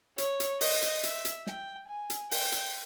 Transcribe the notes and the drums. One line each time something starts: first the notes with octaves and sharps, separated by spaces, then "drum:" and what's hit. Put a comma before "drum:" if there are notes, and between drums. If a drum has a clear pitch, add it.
C#5, drum: hi-hat
drum: hi-hat
D#5, drum: open hi-hat
drum: hi-hat
E5, drum: hi-hat
drum: hi-hat
G5, drum: snare
G#5
drum: hi-hat
G5, drum: open hi-hat
drum: hi-hat